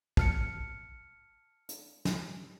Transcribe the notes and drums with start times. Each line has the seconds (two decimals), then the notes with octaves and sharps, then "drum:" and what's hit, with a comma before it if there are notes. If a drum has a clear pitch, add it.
0.17 A5 F6 C#7, drum: kick
1.69 drum: hi-hat
2.05 drum: snare